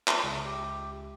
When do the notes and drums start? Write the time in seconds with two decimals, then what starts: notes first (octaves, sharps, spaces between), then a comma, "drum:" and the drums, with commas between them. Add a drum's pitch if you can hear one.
0.08 drum: clap
0.24 C#2 E5
0.45 G4